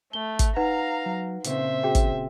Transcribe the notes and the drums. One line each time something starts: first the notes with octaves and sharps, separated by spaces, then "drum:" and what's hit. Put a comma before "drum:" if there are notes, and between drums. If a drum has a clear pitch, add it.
A3 G7
drum: kick, hi-hat
D#4 B4 F5 F#5 A#5
F#3
A#2 C#3 C4 C5 E5, drum: hi-hat
F#4 G#4 G5
drum: kick, hi-hat